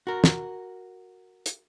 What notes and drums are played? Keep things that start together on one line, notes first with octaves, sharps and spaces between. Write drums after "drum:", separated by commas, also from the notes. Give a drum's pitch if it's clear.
F#4 A#4
drum: snare
drum: hi-hat